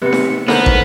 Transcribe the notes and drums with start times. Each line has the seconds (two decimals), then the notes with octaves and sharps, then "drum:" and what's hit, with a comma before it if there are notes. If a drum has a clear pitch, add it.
0.02 C3 B3 C#7
0.13 drum: snare D#4
0.48 D3 B3 A#4 C5, drum: snare D#4
0.66 drum: kick